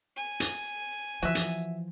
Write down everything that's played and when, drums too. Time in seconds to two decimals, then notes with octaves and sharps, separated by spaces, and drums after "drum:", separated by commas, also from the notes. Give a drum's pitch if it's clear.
0.16 G#5
0.40 drum: hi-hat
1.23 E3 F3 F#4 E5
1.35 drum: hi-hat